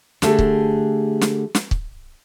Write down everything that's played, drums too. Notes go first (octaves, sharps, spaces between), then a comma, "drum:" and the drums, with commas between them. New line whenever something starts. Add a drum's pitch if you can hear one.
D3 A3 G4 G#4, drum: snare
drum: kick
drum: snare
drum: snare
drum: kick